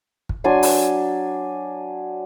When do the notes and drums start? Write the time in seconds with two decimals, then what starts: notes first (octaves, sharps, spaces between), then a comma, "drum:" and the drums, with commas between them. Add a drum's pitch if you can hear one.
0.29 drum: kick
0.44 F#3 D4 G#5 C6
0.63 drum: open hi-hat